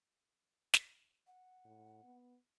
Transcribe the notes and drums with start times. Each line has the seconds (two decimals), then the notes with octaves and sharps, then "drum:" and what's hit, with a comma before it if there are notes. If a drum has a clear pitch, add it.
0.74 drum: snare
1.27 F#5
1.65 A2
2.03 B3